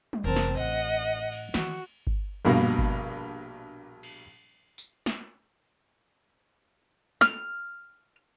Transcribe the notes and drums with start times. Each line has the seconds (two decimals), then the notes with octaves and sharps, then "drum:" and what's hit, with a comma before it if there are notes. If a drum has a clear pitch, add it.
0.13 drum: tom F#3
0.24 F1 E3 C4 A#4 A5
0.36 drum: snare
0.57 A1 D#5 F#5
1.32 drum: cymbal
1.54 D#3 E3 F#4, drum: snare
2.07 drum: kick G1
2.45 A#1 G2 B2 A#3, drum: cymbal
2.79 drum: kick G1
4.03 drum: cymbal
4.78 drum: tambourine
5.06 drum: snare
7.21 F6, drum: snare